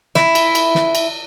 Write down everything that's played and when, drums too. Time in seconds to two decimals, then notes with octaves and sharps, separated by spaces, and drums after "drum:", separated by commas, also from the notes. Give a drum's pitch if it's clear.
0.15 E4, drum: snare
0.35 drum: cymbal
0.55 drum: cymbal
0.75 drum: snare
0.95 drum: cymbal